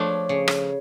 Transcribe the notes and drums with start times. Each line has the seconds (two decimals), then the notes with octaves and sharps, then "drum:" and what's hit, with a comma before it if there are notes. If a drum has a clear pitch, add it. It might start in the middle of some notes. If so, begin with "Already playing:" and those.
Already playing: F3 A3 D4 C#5
0.29 C#3
0.48 drum: rim click